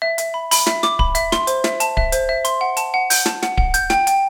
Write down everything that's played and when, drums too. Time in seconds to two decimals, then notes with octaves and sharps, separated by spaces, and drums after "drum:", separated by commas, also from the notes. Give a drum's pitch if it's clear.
0.02 E5
0.18 E5, drum: hi-hat
0.34 B5
0.51 B5, drum: open hi-hat
0.67 E5, drum: snare
0.83 D6, drum: snare
0.99 B5, drum: kick D1
1.15 E5, drum: hi-hat
1.32 C6, drum: snare
1.47 C5, drum: hi-hat
1.64 E5, drum: snare
1.80 A5, drum: hi-hat
1.97 E5, drum: kick D1
2.12 C5, drum: hi-hat
2.29 E5
2.45 C6, drum: hi-hat
2.61 F#5
2.77 A5, drum: hi-hat
2.94 F#5
3.10 G6, drum: open hi-hat
3.26 A5, drum: snare
3.43 F#5, drum: snare
3.58 F#5, drum: kick D1
3.74 G6, drum: hi-hat
3.90 G5, drum: snare
4.07 G5, drum: hi-hat